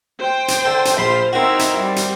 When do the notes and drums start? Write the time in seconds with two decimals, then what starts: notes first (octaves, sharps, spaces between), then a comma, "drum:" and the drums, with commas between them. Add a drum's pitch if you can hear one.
0.19 C5 G5
0.48 drum: hi-hat
0.65 D3 A4
0.85 drum: hi-hat
0.97 A#1 F4 C5 B5 C6
1.33 C4 D#4 E4 F#4 A#4
1.59 drum: hi-hat
1.78 G3
1.96 drum: hi-hat